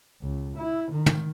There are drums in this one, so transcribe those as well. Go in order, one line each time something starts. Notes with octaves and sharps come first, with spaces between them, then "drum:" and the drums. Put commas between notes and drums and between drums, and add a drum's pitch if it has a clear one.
C#2
E4
D#3
drum: tom